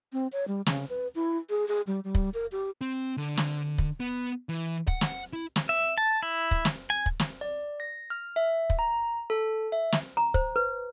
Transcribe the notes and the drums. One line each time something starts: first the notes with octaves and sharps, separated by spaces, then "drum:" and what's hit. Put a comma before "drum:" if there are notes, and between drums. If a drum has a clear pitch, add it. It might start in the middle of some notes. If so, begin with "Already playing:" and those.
C4
C#5
G3
C#3, drum: snare
B4
E4
G#4
G#4
G3
G3
drum: kick
A#4
G4
C4
D3
drum: snare
drum: kick
B3
E3
F#5, drum: kick
drum: snare
E4
drum: snare
E5
A5
E4
drum: kick
drum: snare
G#5
drum: kick
drum: snare
D5
A#6
F6
E5
drum: kick
A#5
A4
E5
drum: snare
A#5
C5, drum: kick
B4